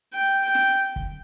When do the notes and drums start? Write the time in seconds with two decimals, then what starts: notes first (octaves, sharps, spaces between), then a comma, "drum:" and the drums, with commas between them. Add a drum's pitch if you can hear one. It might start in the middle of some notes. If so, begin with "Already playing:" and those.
0.14 G5
0.45 G5
0.55 drum: snare
0.96 drum: kick